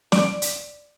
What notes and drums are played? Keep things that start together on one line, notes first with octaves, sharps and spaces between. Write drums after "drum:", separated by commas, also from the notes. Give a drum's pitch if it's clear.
D5, drum: snare
drum: hi-hat